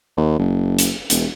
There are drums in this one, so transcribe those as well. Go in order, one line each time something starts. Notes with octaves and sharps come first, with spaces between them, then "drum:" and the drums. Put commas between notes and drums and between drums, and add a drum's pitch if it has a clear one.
D#2
F#1
drum: hi-hat
E1, drum: hi-hat